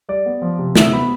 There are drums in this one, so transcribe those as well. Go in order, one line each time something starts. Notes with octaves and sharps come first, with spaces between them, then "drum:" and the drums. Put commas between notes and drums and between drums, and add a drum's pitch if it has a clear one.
G3 D5
B3
F3
C3
B3 E5, drum: snare
B3 B5